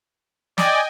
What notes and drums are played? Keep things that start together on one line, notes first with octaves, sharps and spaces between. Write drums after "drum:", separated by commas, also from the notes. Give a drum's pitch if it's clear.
D5 D#5 G5 G#5, drum: snare